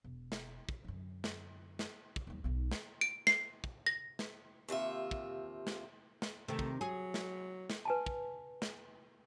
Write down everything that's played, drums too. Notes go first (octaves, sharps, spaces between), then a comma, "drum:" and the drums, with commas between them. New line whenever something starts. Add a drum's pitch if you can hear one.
E1
drum: snare
drum: kick
F#2 D3
drum: snare
drum: snare
drum: kick
D#2 G3
B1 D#4
drum: snare
D7
C7, drum: snare
drum: kick
A#6
drum: snare
D#2 C3 F4 E5
drum: kick
drum: snare
drum: snare
C3 D#3 A3
drum: kick
F#3 G#4
drum: snare
drum: snare
B4 G#5 A5
drum: kick
drum: snare